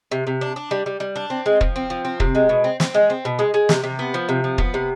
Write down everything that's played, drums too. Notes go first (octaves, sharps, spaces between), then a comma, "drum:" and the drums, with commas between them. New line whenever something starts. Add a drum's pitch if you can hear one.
C3
C3
D4
D4
G3
G3
G3
D4
C4
G#3
F3, drum: kick
C4
F3
C4
C3, drum: kick
G#3
B2
C4
C4, drum: snare
G#3
C4
B2
G#3
G#3
C3, drum: snare
C3
B3
F3
C3
F3
B3, drum: kick
C3